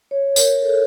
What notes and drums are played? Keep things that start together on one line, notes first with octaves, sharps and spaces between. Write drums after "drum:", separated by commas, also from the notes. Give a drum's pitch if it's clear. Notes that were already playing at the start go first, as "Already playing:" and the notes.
C#5
A#4, drum: tambourine
A4